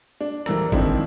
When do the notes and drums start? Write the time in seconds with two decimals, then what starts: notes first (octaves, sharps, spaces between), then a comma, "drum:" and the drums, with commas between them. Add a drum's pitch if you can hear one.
0.20 D4
0.46 D#1 E3 A#4 E6, drum: rim click
0.72 D#3 F3 G#3 C4 D4 E4, drum: kick G1